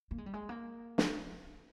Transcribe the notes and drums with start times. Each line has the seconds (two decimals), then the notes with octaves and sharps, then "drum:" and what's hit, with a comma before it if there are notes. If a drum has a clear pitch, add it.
0.11 A#3
0.18 G#3
0.26 G3
0.34 G#3
0.49 A#3
0.98 drum: snare